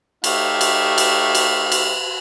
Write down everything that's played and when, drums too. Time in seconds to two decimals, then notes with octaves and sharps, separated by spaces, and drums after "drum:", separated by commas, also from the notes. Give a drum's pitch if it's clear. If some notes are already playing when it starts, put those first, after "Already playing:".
0.24 A3 D#4 G4 C#5 E5 F5, drum: cymbal
0.61 drum: cymbal
0.98 drum: cymbal
1.35 drum: cymbal
1.72 drum: cymbal